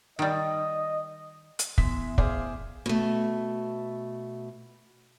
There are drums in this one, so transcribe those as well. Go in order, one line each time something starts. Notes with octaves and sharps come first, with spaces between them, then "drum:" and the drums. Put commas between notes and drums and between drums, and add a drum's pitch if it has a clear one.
D#3 G3 D#5
drum: hi-hat
A1 E3 G#3 B3 E5 C6 B6, drum: kick
G#4 C5 F5 D6, drum: kick
B2 A3